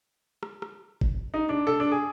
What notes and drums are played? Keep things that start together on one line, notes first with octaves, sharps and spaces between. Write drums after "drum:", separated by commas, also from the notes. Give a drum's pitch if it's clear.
drum: rim click
drum: rim click
drum: kick G1
D#4
D4
A4
D4
G#4